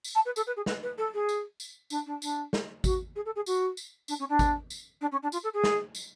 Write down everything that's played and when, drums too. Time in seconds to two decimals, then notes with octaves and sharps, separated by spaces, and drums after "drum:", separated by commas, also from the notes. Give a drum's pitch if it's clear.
0.04 drum: tambourine
0.15 A5
0.25 B4
0.36 A4, drum: tambourine
0.46 B4
0.56 G#4
0.66 B4, drum: snare
0.82 B4
0.98 A4
1.14 G#4
1.29 drum: tambourine
1.60 drum: tambourine
1.90 D4, drum: tambourine
2.06 D4
2.22 D4, drum: tambourine
2.53 drum: snare
2.84 F#4, drum: kick G#1, tambourine
3.15 G#4
3.25 A4
3.35 G#4
3.46 F#4, drum: tambourine
3.77 drum: tambourine
4.08 D4, drum: tambourine
4.19 C#4
4.29 D4
4.39 drum: kick G#1, tambourine
4.70 drum: tambourine
5.01 D4
5.11 C#4
5.22 D4
5.32 F4, drum: tambourine
5.43 A4
5.53 G#4
5.64 drum: snare
5.95 drum: tambourine